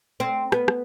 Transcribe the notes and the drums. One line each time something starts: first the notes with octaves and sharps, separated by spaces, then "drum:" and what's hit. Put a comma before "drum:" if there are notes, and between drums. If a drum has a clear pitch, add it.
C4
B3, drum: rim click
drum: rim click